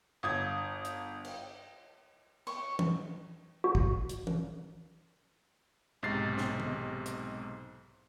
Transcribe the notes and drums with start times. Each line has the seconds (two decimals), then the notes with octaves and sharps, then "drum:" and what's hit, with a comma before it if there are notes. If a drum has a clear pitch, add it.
0.23 G1 D#6 G#6
0.85 drum: hi-hat
1.25 drum: cymbal
2.47 C#6, drum: cymbal
2.79 drum: tom
3.64 F#4
3.75 drum: kick
4.09 drum: hi-hat
4.27 drum: tom
6.03 B1 G#2 C3 A6 C7
6.38 drum: snare
6.60 drum: tom D#3
7.06 drum: hi-hat